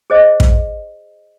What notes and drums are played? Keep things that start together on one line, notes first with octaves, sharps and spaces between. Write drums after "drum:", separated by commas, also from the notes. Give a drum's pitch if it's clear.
G#4 C5 D#5
drum: kick